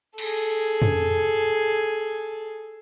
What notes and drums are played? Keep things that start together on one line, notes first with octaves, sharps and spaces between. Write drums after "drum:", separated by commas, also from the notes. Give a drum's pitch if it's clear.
G#4 A4, drum: cymbal
drum: tom